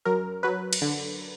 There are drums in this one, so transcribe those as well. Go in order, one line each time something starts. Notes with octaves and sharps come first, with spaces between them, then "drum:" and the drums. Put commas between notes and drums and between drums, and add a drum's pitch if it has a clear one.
F#2 A#4
F#3 B4
drum: cymbal
D3